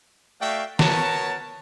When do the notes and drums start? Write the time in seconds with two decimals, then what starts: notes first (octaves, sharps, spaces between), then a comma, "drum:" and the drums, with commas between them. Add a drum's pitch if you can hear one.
0.41 A3 F#4 D5 E5 F5 G5
0.79 B3 F#4 A#4 C#5 A5, drum: snare